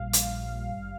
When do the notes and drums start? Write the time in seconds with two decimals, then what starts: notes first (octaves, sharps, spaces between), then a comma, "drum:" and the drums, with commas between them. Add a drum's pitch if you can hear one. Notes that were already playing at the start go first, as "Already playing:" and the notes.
Already playing: A#1 A#2 G3 F5
0.13 drum: hi-hat
0.69 G#1 G2 G3